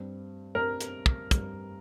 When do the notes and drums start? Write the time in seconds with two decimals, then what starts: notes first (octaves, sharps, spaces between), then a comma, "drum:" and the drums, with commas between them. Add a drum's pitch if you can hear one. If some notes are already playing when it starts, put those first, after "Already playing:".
Already playing: G2 G3 C4
0.55 G2 G3 C4 A#4
0.81 drum: hi-hat
1.06 drum: kick
1.31 G2 G3 C4, drum: kick, hi-hat